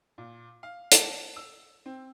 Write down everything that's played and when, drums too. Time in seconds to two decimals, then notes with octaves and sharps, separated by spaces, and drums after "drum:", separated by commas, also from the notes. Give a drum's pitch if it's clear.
0.18 A#2
0.63 F5
0.92 A5, drum: hi-hat
1.36 E6
1.86 C4